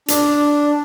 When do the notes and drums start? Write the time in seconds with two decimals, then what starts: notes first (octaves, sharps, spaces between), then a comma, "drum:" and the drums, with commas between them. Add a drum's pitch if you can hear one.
0.08 D4, drum: hi-hat